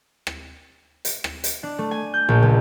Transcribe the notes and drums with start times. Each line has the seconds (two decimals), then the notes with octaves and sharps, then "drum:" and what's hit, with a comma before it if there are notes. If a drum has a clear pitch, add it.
0.27 drum: rim click
1.05 drum: hi-hat
1.24 drum: rim click
1.44 drum: hi-hat
1.63 D4
1.78 A3
1.91 G#5
2.14 G6
2.29 A#1
2.42 C#2